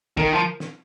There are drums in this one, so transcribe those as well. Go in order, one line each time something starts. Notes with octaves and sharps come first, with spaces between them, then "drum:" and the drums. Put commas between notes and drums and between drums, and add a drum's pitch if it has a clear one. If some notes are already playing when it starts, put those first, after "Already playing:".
D#3 A#4, drum: kick
F3
drum: snare